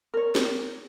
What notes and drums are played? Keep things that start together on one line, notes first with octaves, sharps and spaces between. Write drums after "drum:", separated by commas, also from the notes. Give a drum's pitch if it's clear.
A#4 C#5
drum: snare